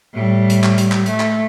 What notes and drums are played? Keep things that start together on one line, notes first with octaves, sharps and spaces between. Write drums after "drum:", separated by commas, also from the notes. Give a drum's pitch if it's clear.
A2 G3
drum: hi-hat
drum: clap
drum: hi-hat
drum: clap
A3, drum: hi-hat
drum: clap